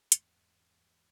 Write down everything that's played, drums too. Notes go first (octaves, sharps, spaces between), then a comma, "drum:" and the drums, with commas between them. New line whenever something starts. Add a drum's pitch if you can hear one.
E2 G#2, drum: hi-hat